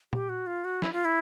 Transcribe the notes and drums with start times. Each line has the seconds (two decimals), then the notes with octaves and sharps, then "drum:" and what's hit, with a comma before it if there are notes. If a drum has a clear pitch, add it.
0.13 G4, drum: tom A#2
0.29 F#4
0.47 F4
0.64 F#4
0.82 E4, drum: snare
0.93 F4
1.05 E4